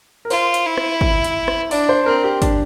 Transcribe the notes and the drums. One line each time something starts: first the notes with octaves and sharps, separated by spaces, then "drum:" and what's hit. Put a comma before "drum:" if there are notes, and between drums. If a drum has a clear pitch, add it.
A#4
F4 C5, drum: open hi-hat
drum: hi-hat
E4
drum: rim click
drum: kick
drum: hi-hat
drum: rim click
D4 D5, drum: open hi-hat
C5
C4 A#4
G4
D4, drum: kick, hi-hat